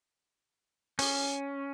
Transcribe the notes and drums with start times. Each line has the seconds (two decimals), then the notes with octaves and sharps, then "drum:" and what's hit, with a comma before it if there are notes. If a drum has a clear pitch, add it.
0.99 C#4, drum: open hi-hat